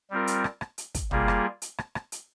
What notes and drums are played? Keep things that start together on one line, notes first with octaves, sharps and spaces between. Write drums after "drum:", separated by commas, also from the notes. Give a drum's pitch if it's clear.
G3 C4 F4 A#4
drum: hi-hat
drum: rim click
drum: rim click
drum: hi-hat
drum: kick, hi-hat
G3 A#3 F4 G#4, drum: tom
drum: rim click
drum: hi-hat
drum: rim click
drum: rim click
drum: hi-hat